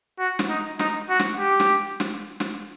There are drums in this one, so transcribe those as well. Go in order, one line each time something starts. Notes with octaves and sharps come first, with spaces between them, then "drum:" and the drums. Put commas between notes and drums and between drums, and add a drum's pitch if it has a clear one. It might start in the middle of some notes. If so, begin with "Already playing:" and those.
F#4
drum: snare
D#4
D#4, drum: snare
F#4
drum: snare
G4
drum: snare
drum: snare
drum: snare